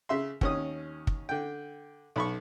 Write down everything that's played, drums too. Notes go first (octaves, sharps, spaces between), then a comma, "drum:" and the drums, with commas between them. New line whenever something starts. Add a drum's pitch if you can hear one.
C#3 E5 C6
D#2 C#4 D#6, drum: kick
drum: kick
D3 G5
B1 B5 C#6